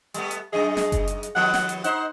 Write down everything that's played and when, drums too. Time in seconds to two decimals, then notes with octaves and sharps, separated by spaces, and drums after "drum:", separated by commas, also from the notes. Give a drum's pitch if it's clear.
0.14 G3 A3 B3, drum: hi-hat
0.31 drum: hi-hat
0.53 F#2 G#3 G#4 D#5
0.77 drum: snare
0.92 drum: kick F#1, hi-hat
1.08 drum: hi-hat
1.23 drum: hi-hat
1.35 D#2 F3 B3 F#5
1.54 drum: snare
1.69 drum: hi-hat
1.84 D#4 C5 F#5, drum: hi-hat